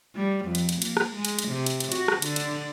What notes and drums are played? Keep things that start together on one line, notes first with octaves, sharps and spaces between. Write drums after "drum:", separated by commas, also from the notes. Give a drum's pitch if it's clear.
G3
F2
drum: cymbal
drum: cymbal
A#3, drum: cymbal
drum: rim click
G#3
drum: cymbal
drum: cymbal
C3
drum: cymbal
drum: cymbal
F#4, drum: cymbal
drum: rim click
D3, drum: cymbal
drum: cymbal